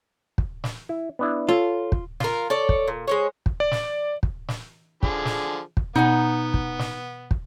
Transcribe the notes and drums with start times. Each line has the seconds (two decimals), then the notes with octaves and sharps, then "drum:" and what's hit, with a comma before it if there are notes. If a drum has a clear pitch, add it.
0.38 drum: kick
0.64 drum: snare
0.89 E4
1.19 B3 D4 E4
1.49 F4 A4 C#5
1.92 drum: kick
2.20 F4 A#4, drum: snare
2.50 A4 C#5 D5
2.69 drum: kick
2.88 A#2
3.08 G#3 C5 C#5
3.46 drum: kick
3.60 D5
3.72 drum: snare
4.23 drum: kick
4.48 drum: snare
5.03 D3 F3 G#4, drum: kick
5.25 drum: snare
5.77 drum: kick
5.95 B2 B3 D#4 F#5 G#5
6.54 drum: kick
6.79 drum: snare
7.31 drum: kick